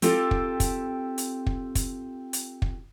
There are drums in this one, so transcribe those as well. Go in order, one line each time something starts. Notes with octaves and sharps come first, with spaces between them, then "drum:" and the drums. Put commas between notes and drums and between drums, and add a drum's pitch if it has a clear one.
C4 F4 G4 A4, drum: hi-hat
drum: kick
drum: kick, hi-hat
drum: hi-hat
drum: kick
drum: kick, hi-hat
drum: hi-hat
drum: kick